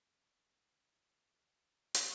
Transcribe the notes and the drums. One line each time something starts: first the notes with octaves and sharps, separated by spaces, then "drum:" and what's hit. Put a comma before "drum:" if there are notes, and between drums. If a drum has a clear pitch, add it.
D5 D#5 G5 A5 A#5 C6
F#4
drum: hi-hat